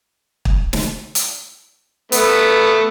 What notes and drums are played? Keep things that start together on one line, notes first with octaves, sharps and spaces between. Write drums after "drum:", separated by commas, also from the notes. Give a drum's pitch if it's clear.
drum: kick
drum: snare
drum: hi-hat
A3 B3, drum: hi-hat